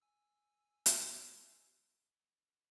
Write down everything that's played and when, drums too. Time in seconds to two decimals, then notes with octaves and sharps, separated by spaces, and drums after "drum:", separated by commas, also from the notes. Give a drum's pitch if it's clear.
0.02 G#5 E6
0.86 drum: hi-hat